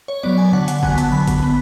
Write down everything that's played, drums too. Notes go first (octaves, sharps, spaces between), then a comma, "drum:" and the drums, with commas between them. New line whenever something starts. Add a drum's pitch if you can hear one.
C#5
F#3 B3 D5
G#5
D3 F#5
F#5, drum: hi-hat
F#3 B3 G#5, drum: kick G1
A5, drum: hi-hat
D3 B5
drum: kick G1, hi-hat
B3